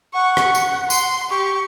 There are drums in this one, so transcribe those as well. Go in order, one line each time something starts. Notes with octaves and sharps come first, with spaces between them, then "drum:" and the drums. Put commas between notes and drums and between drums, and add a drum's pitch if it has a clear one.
F#5 C#6
drum: rim click
drum: tambourine
C6, drum: tambourine
G4 C#6